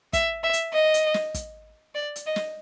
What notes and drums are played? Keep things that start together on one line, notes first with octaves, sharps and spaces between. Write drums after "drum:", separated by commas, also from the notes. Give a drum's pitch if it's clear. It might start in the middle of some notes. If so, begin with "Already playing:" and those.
E5, drum: kick, hi-hat
E5
drum: hi-hat
D#5
drum: hi-hat
drum: snare
drum: kick, hi-hat
D5
drum: hi-hat
D#5
drum: snare